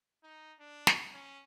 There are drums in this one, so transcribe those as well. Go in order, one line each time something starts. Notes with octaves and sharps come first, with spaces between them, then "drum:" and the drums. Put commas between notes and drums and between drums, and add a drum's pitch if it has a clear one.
D#4
D4
drum: snare
C#4